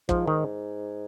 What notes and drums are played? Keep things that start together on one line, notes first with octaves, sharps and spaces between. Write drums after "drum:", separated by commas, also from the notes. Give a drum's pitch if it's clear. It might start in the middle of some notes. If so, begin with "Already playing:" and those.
G#2 F3, drum: kick
D#3